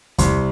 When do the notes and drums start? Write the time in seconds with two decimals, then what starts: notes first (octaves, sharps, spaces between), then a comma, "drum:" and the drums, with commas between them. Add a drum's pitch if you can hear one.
0.18 C2 C6, drum: kick E2, hi-hat